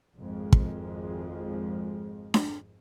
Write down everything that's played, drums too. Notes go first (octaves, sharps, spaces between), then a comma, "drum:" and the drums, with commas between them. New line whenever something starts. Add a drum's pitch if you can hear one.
G#1 F2 F3 G#3
drum: kick
drum: snare D4